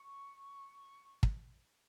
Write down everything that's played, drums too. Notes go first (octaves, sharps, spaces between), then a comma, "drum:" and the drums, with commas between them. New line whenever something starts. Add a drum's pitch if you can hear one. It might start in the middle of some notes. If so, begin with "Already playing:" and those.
Already playing: C#6
drum: kick